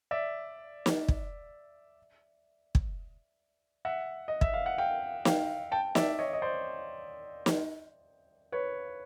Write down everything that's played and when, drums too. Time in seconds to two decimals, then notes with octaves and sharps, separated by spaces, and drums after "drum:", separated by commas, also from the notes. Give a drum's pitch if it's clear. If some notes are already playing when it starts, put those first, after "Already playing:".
0.11 D5 E5
0.86 drum: snare
1.08 drum: kick
2.75 drum: kick
3.85 E5 F#5
4.28 D#5
4.41 E5, drum: kick
4.54 F5
4.66 F#5
4.78 F5 G5
5.25 F5 G5, drum: snare
5.72 G5 A5
5.95 D5 E5, drum: snare
6.19 C#5 D#5
6.33 D#5
6.42 C5 D5
7.46 drum: snare
8.52 B4 C#5